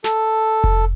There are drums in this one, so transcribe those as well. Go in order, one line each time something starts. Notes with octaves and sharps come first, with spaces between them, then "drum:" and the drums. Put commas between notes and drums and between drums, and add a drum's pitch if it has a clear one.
A4, drum: snare
drum: kick F1